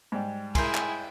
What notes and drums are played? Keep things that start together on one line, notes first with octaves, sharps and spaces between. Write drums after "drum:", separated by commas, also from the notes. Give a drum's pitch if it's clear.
G#2 G3
E4 G#4 A#4 G#5 C6 G6, drum: kick, cymbal
drum: clap